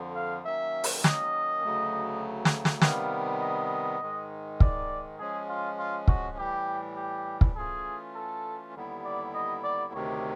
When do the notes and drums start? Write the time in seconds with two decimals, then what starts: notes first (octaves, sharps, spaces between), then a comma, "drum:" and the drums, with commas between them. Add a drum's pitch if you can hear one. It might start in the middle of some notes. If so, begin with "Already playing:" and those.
Already playing: F2 D3 F3
0.15 F5
0.45 D#3 F#3 A#3 C#4 E5
0.84 drum: open hi-hat
1.04 D#5, drum: snare
1.64 D2 C#3 F#3 A3
2.45 drum: snare
2.65 drum: snare
2.82 C3 D#3 G3 B3 F5, drum: snare
3.42 D#5
4.01 G#2 D#3 G#3
4.60 D5, drum: kick
5.19 F3 G#3 C#4 G#4
5.48 F4
5.78 F4
6.08 F#4, drum: kick
6.37 A2 E3 G3 G4
6.97 G4
7.41 drum: kick
7.56 E3 A3 C#4 F4 G#4
8.15 A4
8.75 D#2 D3 G3 B3 E4
9.05 D5
9.34 D#5
9.64 D5
9.94 D2 C3 D#3 C#5